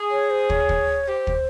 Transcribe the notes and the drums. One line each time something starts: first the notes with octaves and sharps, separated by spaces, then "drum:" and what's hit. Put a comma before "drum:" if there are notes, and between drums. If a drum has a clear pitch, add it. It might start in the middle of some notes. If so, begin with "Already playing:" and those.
Already playing: G#4
C#5
C5
C#5, drum: kick
drum: kick
G4 C5
drum: kick